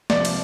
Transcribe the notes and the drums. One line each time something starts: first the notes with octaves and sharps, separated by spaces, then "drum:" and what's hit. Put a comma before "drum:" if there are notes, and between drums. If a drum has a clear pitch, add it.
C3 F3 D5, drum: snare
drum: cymbal